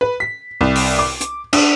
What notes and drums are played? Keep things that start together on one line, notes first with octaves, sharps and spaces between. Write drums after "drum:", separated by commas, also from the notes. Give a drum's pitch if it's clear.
B4
B6
C2
drum: open hi-hat
D6
drum: hi-hat
D4, drum: cymbal